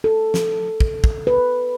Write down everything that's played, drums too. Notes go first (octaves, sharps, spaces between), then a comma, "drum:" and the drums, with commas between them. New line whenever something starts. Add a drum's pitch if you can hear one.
A4
drum: snare
drum: kick
drum: kick
B4